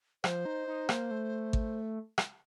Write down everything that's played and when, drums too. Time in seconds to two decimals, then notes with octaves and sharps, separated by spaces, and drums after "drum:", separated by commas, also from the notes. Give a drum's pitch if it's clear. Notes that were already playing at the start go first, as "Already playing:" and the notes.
0.24 F3 C5, drum: rim click
0.45 D#4
0.68 D#4
0.89 A#3, drum: rim click
1.11 A3
1.53 drum: kick G#1
2.18 drum: rim click